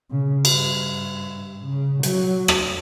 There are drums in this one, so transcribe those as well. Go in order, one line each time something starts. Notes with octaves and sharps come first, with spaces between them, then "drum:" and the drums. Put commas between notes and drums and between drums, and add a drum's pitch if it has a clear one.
C#3
G2, drum: cymbal
C#3
F#3, drum: hi-hat
drum: rim click